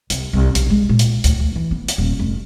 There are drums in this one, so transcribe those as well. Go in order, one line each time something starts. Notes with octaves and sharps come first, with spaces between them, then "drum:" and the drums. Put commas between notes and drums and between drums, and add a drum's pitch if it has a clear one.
C2, drum: hi-hat
C2
B1, drum: hi-hat
G#3
A#2
drum: hi-hat
D2, drum: hi-hat
D2
E3
B3
drum: hi-hat
D#1
F1